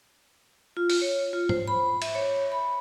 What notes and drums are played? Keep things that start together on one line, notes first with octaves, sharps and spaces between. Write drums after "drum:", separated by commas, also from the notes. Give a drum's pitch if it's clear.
F4
drum: open hi-hat
C#5
F4
C5, drum: tom G#2
B5
E5, drum: cymbal
C#5
B5